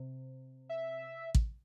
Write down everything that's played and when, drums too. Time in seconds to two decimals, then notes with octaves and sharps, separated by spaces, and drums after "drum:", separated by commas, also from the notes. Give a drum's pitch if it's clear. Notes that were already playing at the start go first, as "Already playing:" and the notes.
Already playing: C3
0.69 E5
1.35 drum: kick